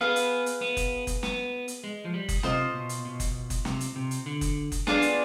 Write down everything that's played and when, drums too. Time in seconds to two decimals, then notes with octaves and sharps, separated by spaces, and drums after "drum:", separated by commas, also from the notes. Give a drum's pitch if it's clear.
0.01 B3 G#4 B4 F5
0.16 drum: hi-hat
0.46 drum: hi-hat
0.61 B3
0.77 drum: kick F#1, hi-hat
1.07 drum: kick F#1, hi-hat
1.23 B3, drum: snare
1.68 drum: hi-hat
1.84 G#3
2.05 F3
2.14 G3
2.29 drum: kick F#1, hi-hat
2.43 C3 F4 C5 D#5, drum: snare
2.74 B2
2.89 drum: hi-hat
3.05 B2
3.20 drum: kick F#1, hi-hat
3.50 drum: kick F#1, hi-hat
3.65 C3, drum: snare
3.80 drum: hi-hat
3.96 C3
4.11 drum: hi-hat
4.26 D3
4.41 drum: kick F#1, hi-hat
4.72 drum: kick F#1, hi-hat
4.87 B3 D4 F4 G#4 D5, drum: snare
5.02 drum: hi-hat